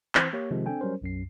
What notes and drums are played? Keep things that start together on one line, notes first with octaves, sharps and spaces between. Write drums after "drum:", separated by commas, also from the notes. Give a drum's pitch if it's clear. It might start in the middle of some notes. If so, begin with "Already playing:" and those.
E3 C4 C5, drum: clap
A#3 G4 C#5
C3 D#3 F3 G#3
C4 D4 A4 G5 G#5
F#3 G3 C#4 A#4 C5
B1 F#2 C7